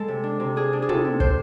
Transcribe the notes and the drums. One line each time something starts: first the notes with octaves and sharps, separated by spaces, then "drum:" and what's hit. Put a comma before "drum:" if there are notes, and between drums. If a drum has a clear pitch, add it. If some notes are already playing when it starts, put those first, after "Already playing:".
Already playing: G#3 A4
C3
D4
C3
D4 G#4
D4
G#4
C3 A4, drum: tom
C3
D4 C5, drum: kick